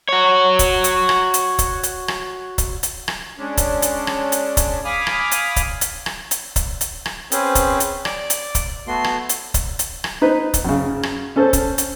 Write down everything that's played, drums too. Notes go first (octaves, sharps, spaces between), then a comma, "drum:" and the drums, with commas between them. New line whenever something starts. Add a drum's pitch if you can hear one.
F#4 C#5
drum: kick C#1, hi-hat
drum: hi-hat
drum: rim click
drum: hi-hat
drum: kick C#1, hi-hat
drum: hi-hat
drum: rim click
drum: kick C#1, hi-hat
drum: hi-hat
drum: rim click
G#3 C#4 D4
drum: kick C#1, hi-hat
drum: hi-hat
drum: rim click
drum: hi-hat
drum: kick C#1, hi-hat
F5 G#5 B5 D6 D#6 F6
drum: rim click
drum: hi-hat
drum: kick C#1, hi-hat
drum: hi-hat
drum: rim click
drum: hi-hat
drum: kick C#1, hi-hat
drum: hi-hat
drum: rim click
C4 C#4 G#4 B4 C5, drum: hi-hat
drum: kick C#1, hi-hat
drum: hi-hat
D5, drum: rim click
drum: hi-hat
drum: kick C#1, hi-hat
A3 B3 F#4 C6
drum: rim click
drum: hi-hat
drum: kick C#1, hi-hat
drum: hi-hat
drum: rim click
D#4 B4 C5
drum: kick C#1, hi-hat
F#2 C#3
drum: rim click
C#4 A4 C5
drum: kick C#1, hi-hat
drum: hi-hat